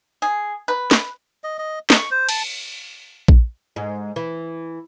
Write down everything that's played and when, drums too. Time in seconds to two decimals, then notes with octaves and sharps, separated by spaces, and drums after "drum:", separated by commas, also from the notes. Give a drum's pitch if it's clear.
0.22 G#4
0.68 B4
0.91 drum: snare
1.44 D#5
1.59 D#5
1.90 C#6, drum: snare
2.11 C5
2.29 A5, drum: cymbal
3.28 drum: kick A#1
3.76 G#2
4.16 E3